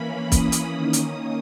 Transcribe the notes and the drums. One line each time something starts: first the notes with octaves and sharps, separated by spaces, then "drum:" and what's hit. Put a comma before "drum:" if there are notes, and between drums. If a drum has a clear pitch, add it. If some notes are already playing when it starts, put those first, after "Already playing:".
Already playing: E3 A#3 C#4 B5
D#6, drum: kick, hi-hat
drum: hi-hat
D#3 A#3 C#4
drum: hi-hat